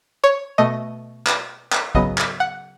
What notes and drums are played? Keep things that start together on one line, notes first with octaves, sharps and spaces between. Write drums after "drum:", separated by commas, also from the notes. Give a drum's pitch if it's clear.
C#5
B2 A3 D#5
drum: clap
drum: clap
C#3 F#3 B3 D#5, drum: kick
drum: clap
F#5